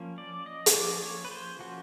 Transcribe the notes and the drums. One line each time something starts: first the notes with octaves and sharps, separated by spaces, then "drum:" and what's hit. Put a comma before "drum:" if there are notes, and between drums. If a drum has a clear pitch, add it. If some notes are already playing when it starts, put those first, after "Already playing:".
Already playing: F3 A#3 C#4
D5
D#5
drum: hi-hat
F3 A#3 C#4 D5
C#5
B4
C5
F3 A#3 C#4 F#4